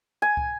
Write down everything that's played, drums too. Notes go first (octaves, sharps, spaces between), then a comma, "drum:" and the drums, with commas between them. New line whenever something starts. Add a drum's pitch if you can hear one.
G#5
drum: kick